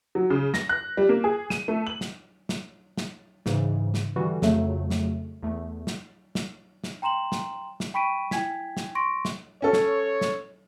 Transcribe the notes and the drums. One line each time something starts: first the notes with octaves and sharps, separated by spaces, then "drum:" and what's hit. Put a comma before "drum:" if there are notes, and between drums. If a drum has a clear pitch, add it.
F#3
C#3
A#6, drum: snare
F#6
G3
A#3
G#4
D#7, drum: snare
A3
F#7
drum: snare
drum: snare
drum: snare
G#2 C#3 E3, drum: snare
drum: snare
D3 E3 G3 F#4
F2 C#3 F#3 A3, drum: snare
drum: snare
E2 A3
drum: snare
drum: snare
drum: snare
G5 A#5 C6 E7 F#7
drum: snare
drum: snare
G5 B5 C#6 B6 D7 D#7
E4 G5 G#5 G#6 B6, drum: snare
drum: snare
C6 C#6 A#6 D7
drum: snare
C#4 A4 C#5
drum: snare
drum: snare